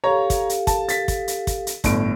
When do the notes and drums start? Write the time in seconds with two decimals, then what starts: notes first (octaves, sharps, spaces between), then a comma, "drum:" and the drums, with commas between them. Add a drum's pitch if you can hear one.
0.04 G4 A4 C#5 F5 A#5
0.30 drum: kick, hi-hat
0.49 drum: hi-hat
0.67 A5, drum: kick, hi-hat
0.89 A6 B6, drum: hi-hat
1.08 drum: kick, hi-hat
1.28 drum: hi-hat
1.47 drum: kick, hi-hat
1.67 drum: hi-hat
1.84 G1 A2 D7, drum: kick, hi-hat